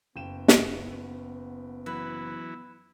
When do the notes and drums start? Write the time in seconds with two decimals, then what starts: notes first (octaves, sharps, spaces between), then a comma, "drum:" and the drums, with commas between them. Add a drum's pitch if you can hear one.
0.16 F#1 B3 G5 E7
0.48 drum: snare
1.86 E3 F#3 E4 B4